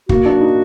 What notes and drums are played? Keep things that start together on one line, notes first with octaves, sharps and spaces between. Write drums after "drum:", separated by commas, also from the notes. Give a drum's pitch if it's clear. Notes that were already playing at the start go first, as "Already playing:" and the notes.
A#3 F#4, drum: kick
D4
D#4